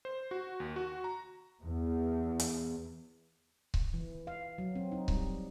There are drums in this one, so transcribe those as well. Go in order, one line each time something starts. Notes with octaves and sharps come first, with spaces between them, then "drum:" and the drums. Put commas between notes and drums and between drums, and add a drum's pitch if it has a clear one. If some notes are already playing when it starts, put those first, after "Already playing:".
C5
F#4
D#2
F#4
A#5
E2
drum: hi-hat
drum: kick C#1
E3
F5
F#3
C4
D#4
G3, drum: kick C#1